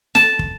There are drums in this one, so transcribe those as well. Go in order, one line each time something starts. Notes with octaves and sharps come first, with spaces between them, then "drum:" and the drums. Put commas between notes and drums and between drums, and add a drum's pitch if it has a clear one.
A5, drum: snare
drum: kick